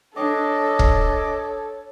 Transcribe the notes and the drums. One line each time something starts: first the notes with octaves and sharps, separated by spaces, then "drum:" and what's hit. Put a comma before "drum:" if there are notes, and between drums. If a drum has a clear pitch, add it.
D4 A4 C#5 D#5 D6
drum: kick